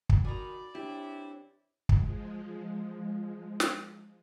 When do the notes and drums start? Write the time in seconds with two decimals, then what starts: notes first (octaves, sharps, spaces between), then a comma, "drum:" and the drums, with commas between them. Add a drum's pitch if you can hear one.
0.09 drum: kick
0.24 D#3 F#4 D5 G#5 A#5 B5
0.75 E3 C4 D4 E4 G4 C#5
1.89 F3 G#3, drum: kick
3.60 drum: snare